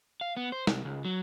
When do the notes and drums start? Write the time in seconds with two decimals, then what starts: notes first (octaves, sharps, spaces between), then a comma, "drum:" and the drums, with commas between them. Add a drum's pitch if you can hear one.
0.21 F5
0.37 B3
0.52 C5
0.67 C2, drum: snare
0.85 C#2
1.05 F#3